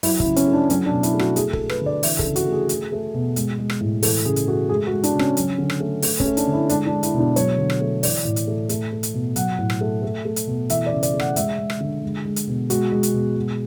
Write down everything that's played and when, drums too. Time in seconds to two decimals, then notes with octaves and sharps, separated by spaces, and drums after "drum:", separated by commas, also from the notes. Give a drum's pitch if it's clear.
0.03 F#3 E4, drum: open hi-hat
0.20 E4, drum: kick
0.25 C#3
0.36 C#4, drum: hi-hat
0.47 A3
0.53 D4
0.70 F#3 C#4, drum: hi-hat
0.86 D4
0.91 B2
1.03 E4, drum: hi-hat
1.14 A3
1.19 F#4, drum: rim click
1.36 A3 G#4, drum: hi-hat
1.53 A4, drum: kick
1.59 A3
1.69 B4, drum: rim click
1.81 D3
1.86 D5
2.03 E3 E5, drum: open hi-hat
2.19 A4, drum: kick
2.25 C#3
2.36 F#4, drum: hi-hat
2.47 A3
2.52 G#4
2.69 A3, drum: hi-hat
2.92 A3
3.15 B2
3.36 G#3, drum: hi-hat
3.59 G#3
3.70 drum: rim click
3.81 A2
4.03 E3 A4, drum: open hi-hat
4.25 C#3 G#4
4.36 drum: hi-hat
4.47 A3 F#4
4.69 G#3 G#4
4.87 F#4
4.92 G#3
5.03 D4, drum: hi-hat
5.14 C#3
5.19 C#4, drum: rim click
5.37 F#3, drum: hi-hat
5.58 D3
5.70 drum: rim click
5.80 A3
6.02 A3, drum: open hi-hat
6.20 C#4, drum: kick
6.25 A3
6.37 D4, drum: hi-hat
6.47 D3
6.53 E4
6.69 G#3 D4, drum: hi-hat
6.87 D4
6.91 G#3
7.03 E4, drum: hi-hat
7.14 B2 D4
7.36 F#3 C#5, drum: hi-hat
7.58 D3
7.70 drum: rim click
7.81 A3
8.03 E3 D5, drum: open hi-hat
8.25 A2
8.36 drum: hi-hat
8.47 A3
8.69 A3, drum: hi-hat
8.92 A3
9.03 drum: hi-hat
9.14 B2
9.36 F#3 F#5, drum: hi-hat
9.59 A2
9.70 drum: rim click
9.81 A3
10.02 A3
10.25 A3
10.36 drum: hi-hat
10.47 B2
10.70 E3 E5, drum: hi-hat
10.86 D5
10.92 C#3
11.03 D5, drum: hi-hat
11.14 A3
11.19 F#5, drum: rim click
11.36 G#3 E5, drum: hi-hat
11.59 G#3
11.70 drum: rim click
11.81 D3
12.03 G#3
12.25 G#3
12.36 drum: hi-hat
12.48 B2
12.70 G#3 F#4, drum: hi-hat
12.92 G#3
13.03 drum: hi-hat
13.14 B2
13.36 G#3